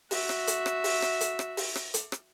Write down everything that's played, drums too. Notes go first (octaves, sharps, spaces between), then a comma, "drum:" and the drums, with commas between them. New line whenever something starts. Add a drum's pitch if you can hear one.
F#4 E5, drum: open hi-hat
drum: rim click
drum: hi-hat
drum: rim click
drum: open hi-hat
drum: rim click
drum: hi-hat
drum: rim click
drum: open hi-hat
drum: rim click
drum: hi-hat
drum: rim click